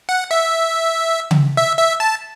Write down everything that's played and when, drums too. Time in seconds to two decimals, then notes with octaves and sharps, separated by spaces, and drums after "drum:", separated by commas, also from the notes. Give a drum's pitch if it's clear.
0.09 F#5
0.31 E5
1.31 drum: tom C#3
1.57 E5
1.79 E5
2.00 A5